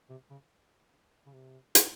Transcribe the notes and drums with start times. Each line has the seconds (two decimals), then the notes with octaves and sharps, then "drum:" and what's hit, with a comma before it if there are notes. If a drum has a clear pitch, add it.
0.10 C3
0.30 C#3
1.26 C#3
1.33 C3
1.75 drum: hi-hat